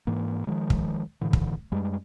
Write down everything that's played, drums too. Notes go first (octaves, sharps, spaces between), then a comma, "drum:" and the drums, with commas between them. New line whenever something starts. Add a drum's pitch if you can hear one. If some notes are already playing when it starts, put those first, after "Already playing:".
G#2 E3 A#3
D#3 F3 G#3
drum: kick
A2 D3 E3
drum: kick
F#2 G3 G#3